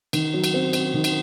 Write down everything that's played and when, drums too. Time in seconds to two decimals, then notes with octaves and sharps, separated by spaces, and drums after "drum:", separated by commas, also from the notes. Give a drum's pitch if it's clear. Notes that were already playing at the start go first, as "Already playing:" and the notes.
0.13 D#3, drum: cymbal
0.34 F#3
0.44 drum: cymbal
0.54 C4
0.73 C4, drum: cymbal
0.94 D#3
1.04 drum: cymbal